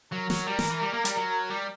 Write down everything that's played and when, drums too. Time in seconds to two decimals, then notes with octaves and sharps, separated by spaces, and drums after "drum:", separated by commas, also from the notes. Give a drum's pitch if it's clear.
0.12 F#3 A#4
0.30 F#3, drum: snare
0.46 G3 A#4
0.59 E3, drum: snare
0.70 E3
0.81 G3
0.93 A#3
1.05 G3, drum: hi-hat
1.17 F#3
1.50 G3